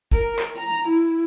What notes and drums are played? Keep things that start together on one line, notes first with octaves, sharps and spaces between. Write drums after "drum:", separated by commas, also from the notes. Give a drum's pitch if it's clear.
A#4, drum: kick
drum: clap
A#5
E4